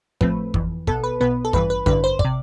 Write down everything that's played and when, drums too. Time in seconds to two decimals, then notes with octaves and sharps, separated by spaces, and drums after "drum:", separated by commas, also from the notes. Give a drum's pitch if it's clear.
0.21 A2 F3 A3 C4 B4, drum: kick
0.54 G1 F2 E3, drum: kick
0.87 B1 B2 B3 A4, drum: kick
1.04 B4
1.21 B1 B2 B3 B4
1.45 A4
1.53 A1 G2 E3 B4, drum: kick
1.70 B4
1.86 A1 G2 D3 B4, drum: kick
2.04 C5
2.19 D5, drum: kick
2.25 C3